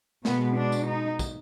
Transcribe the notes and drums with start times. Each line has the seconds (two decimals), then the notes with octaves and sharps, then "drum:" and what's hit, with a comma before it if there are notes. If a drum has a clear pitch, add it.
0.25 B2 G#3 B3, drum: snare
0.57 D4
0.72 drum: tambourine
0.88 D#4
1.19 drum: kick, tambourine